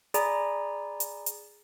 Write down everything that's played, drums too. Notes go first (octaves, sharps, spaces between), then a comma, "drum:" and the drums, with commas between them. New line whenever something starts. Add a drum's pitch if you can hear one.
G#4 D5 G#5 A#5 B5, drum: hi-hat
drum: hi-hat
drum: hi-hat